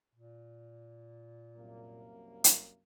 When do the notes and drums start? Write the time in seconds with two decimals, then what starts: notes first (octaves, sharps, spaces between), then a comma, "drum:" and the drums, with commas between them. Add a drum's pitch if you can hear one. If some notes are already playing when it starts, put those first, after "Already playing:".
0.15 A#2
1.57 C2 F#2 A#3
2.44 drum: hi-hat